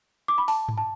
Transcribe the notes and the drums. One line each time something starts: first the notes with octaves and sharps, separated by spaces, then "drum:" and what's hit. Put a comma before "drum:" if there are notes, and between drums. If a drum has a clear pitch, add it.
D6
B5
A5, drum: open hi-hat
drum: tom G#2
A5